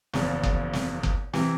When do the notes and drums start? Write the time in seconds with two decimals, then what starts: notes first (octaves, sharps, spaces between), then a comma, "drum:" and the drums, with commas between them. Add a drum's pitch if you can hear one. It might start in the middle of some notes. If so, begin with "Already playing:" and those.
0.13 F#1 E2 C#3 F3, drum: snare
0.43 drum: kick F#1
0.73 drum: snare
1.03 drum: kick F#1
1.33 C3 E3, drum: snare